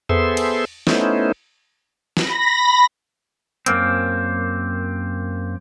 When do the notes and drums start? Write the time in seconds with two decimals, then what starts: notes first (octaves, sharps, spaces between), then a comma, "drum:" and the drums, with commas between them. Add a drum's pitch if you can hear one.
0.09 B3 G#4 A4 C5 E5 C6, drum: tom E2
0.37 drum: cymbal
0.87 A3 B3 C#4 D#4 E4 C5, drum: snare
2.17 B5 A#6, drum: snare
3.66 F#2 A#3 C4, drum: hi-hat